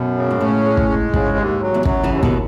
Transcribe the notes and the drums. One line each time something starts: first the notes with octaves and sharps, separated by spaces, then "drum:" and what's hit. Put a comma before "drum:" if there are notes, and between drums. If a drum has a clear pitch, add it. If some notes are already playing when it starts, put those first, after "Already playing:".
Already playing: F#2 B2
C#3
G#2
A2 C#4
G#3
drum: kick
G#3
G#2 C#3, drum: kick
D#2
F#3
E2
F#2 F#3, drum: kick
C#3 E3
D#2
B2 D#3, drum: kick